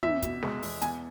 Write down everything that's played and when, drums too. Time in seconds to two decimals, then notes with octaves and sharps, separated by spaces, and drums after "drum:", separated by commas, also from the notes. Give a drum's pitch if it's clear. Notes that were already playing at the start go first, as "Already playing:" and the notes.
0.03 E2 E5, drum: tom
0.22 B2, drum: kick, hi-hat
0.42 G#3, drum: snare
0.63 E2, drum: open hi-hat
0.82 E2 G#5, drum: hi-hat